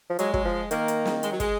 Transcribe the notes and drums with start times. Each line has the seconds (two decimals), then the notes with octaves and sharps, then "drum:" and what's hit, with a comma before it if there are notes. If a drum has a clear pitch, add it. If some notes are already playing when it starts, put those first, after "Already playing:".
0.10 F3
0.19 F#3 G#3, drum: hi-hat
0.34 F#3, drum: kick
0.45 F3
0.71 D#3 A#3, drum: hi-hat
0.88 drum: hi-hat
1.05 drum: snare
1.23 G#3, drum: hi-hat
1.31 F#3
1.40 G#3, drum: kick, hi-hat